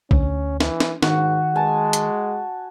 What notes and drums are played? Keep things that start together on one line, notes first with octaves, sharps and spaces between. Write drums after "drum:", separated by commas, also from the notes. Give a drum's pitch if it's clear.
D2 C#4, drum: kick B1
E3, drum: snare
drum: snare
G#2 D#3 F#4, drum: snare
G#3 G#5 A5
drum: hi-hat